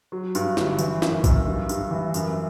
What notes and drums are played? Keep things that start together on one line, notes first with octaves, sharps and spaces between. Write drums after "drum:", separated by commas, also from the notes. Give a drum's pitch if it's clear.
F#3
G2, drum: tambourine
G1, drum: snare
E3, drum: tambourine
F#2, drum: snare
F#2, drum: kick, tambourine
G2
G2, drum: tambourine
E3
F#2, drum: tambourine